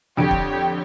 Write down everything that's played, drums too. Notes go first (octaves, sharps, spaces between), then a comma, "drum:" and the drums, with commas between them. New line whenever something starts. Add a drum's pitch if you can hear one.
F2 D3 G4 C#5 G5 D7
drum: kick